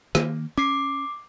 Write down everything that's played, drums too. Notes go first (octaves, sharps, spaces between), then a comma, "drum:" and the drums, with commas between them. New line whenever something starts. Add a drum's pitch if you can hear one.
D#3 A#3, drum: snare
C#4 D6 C7